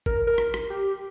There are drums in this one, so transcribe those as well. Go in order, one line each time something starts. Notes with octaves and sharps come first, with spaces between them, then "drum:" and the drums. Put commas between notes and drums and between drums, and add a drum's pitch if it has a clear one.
A#4, drum: kick G#1
A#4
drum: rim click
drum: rim click
G4